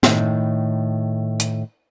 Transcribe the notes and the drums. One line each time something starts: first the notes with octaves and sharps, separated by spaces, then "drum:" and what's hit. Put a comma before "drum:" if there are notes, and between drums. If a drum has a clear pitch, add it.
A2 D#3, drum: snare
drum: hi-hat